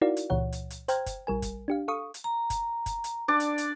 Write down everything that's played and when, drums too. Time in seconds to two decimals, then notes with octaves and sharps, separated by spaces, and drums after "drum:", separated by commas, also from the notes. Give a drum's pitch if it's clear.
0.01 D#4 E4 F#4 A#4 D5 F5
0.17 drum: hi-hat
0.30 C#2 A#2 E3 C#5 F#5
0.52 drum: hi-hat
0.70 drum: hi-hat
0.88 C5 G5 A#5 F6 G#6, drum: hi-hat
1.06 drum: kick F#1, hi-hat
1.27 A#1 G3 A#4 G#5
1.42 drum: kick F#1, hi-hat
1.68 D4 G4 F5
1.88 A4 F5 C#6 D#6
2.14 drum: hi-hat
2.24 A#5
2.50 drum: kick F#1, hi-hat
2.86 drum: kick F#1, hi-hat
3.04 drum: hi-hat
3.28 D4 D5
3.40 drum: hi-hat
3.58 drum: hi-hat